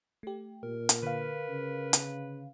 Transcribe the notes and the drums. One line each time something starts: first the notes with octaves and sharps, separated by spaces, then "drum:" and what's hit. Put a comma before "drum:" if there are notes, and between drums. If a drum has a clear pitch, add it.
A3 G4
A#2 A#4
drum: hi-hat
D3 B4 F5
C#3
drum: hi-hat